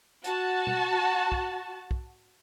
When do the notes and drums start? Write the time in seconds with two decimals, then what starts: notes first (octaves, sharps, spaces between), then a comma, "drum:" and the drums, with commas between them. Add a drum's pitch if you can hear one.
0.24 F#4 A5, drum: hi-hat
0.67 drum: tom B2
1.32 drum: kick
1.91 drum: kick